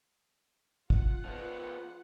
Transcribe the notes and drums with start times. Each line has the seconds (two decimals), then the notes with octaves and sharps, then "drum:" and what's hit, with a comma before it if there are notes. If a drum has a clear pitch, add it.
0.90 F4 F#5, drum: kick
1.25 F3 B3